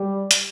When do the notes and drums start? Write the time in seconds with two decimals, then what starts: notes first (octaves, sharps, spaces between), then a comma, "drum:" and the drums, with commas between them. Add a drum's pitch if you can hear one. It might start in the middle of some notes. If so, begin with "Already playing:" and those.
Already playing: G3
0.31 drum: hi-hat